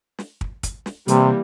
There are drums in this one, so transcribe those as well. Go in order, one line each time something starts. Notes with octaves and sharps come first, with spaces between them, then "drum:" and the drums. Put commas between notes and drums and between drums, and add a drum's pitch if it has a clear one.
drum: snare
drum: kick
drum: kick, hi-hat
drum: snare
C3 E3 G3 A#3, drum: hi-hat